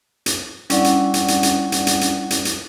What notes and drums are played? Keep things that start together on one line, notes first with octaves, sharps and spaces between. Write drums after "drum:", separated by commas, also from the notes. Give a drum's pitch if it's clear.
drum: hi-hat
G3 C#4 D4 E4 D5 F#5, drum: hi-hat
drum: hi-hat
drum: hi-hat
drum: hi-hat
drum: hi-hat
drum: hi-hat
drum: hi-hat
drum: hi-hat
drum: hi-hat
drum: hi-hat